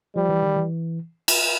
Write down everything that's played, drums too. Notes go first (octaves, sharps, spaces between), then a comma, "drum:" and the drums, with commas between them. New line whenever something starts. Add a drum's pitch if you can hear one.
F3 G3
E3
D#3
E3
drum: cymbal